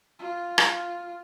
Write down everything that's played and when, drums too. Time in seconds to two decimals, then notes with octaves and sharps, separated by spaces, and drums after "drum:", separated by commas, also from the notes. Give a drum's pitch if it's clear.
0.19 F4
0.58 drum: rim click